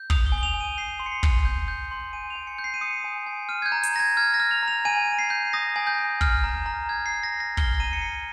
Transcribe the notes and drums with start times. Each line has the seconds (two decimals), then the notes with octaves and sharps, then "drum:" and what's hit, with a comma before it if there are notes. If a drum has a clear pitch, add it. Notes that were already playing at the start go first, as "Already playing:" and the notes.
Already playing: G6
0.10 D#6 F7, drum: kick
0.26 G7
0.32 G#5
0.38 G7
0.43 F7
0.54 G#5
0.61 D#7
0.77 G6 C7
1.00 C6
1.06 C#7
1.12 C7
1.23 C6, drum: kick
1.45 G6
1.68 G6
1.91 C6
2.13 G#5 D#7
2.30 F7
2.35 G#5
2.47 C#7
2.59 G6
2.64 C7
2.74 D#7
2.81 D#6 C#7
3.04 G#5
3.27 G#5
3.49 F6 D#7
3.62 G#6
3.66 G6
3.72 A#5
3.83 G6, drum: hi-hat
3.94 A#5 A#6
4.00 G#6
4.17 F6 G#6
4.34 A#6
4.40 F6
4.51 F7
4.63 A#5
4.68 F7
4.85 G#5 D#7
5.08 G#5
5.19 C7
5.30 G6
5.53 D#6 A#6
5.76 G#5
5.87 G6
5.99 G#5
6.21 F6, drum: kick
6.44 A#5
6.66 A#5
6.89 F6 G#6
7.06 C7
7.12 F6
7.23 A#6
7.34 A#5
7.40 A#6
7.57 F6 G7, drum: kick
7.80 A#5 D#7
7.93 C#7
8.02 A#5 C7